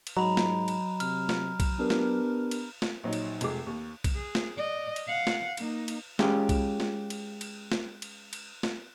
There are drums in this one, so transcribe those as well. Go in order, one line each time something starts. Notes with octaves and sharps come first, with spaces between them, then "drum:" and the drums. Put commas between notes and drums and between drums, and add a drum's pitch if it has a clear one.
drum: cymbal
G#2 F#3 D#5 A#5 B5 F7
drum: snare
drum: cymbal
C3 F6, drum: cymbal
drum: snare
drum: kick B1, cymbal
B3 D4 G4 A#4
drum: snare
drum: cymbal
drum: snare
A#1 F#3 D#4
drum: cymbal
F1 G#3 D6, drum: cymbal
D#2
drum: kick B1, cymbal
G#4
drum: snare
D5 D#5
drum: cymbal
F5 F#5
drum: snare
A#3 D#4, drum: cymbal
drum: cymbal
G#3 C#4 F4 G4, drum: snare
drum: kick B1, cymbal
drum: snare
drum: cymbal
drum: cymbal
drum: snare
drum: cymbal
drum: cymbal
drum: snare